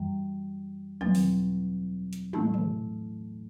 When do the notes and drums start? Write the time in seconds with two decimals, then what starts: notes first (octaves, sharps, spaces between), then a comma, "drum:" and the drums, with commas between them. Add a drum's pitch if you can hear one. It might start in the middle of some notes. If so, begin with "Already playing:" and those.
Already playing: F#2 E3 G3
1.01 E2 B2 F#3 C4, drum: tom
1.15 drum: open hi-hat
2.13 drum: hi-hat
2.33 A2 E3 A3 E4, drum: tom
2.54 drum: tom